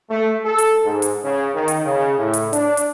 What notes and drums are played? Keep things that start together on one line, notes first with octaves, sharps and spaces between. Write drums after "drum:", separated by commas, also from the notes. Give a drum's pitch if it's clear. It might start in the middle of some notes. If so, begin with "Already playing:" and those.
A3
A4
drum: hi-hat
G#2
drum: hi-hat
C#3
D#3
drum: hi-hat
C#3
A2
drum: hi-hat
D4, drum: hi-hat
drum: hi-hat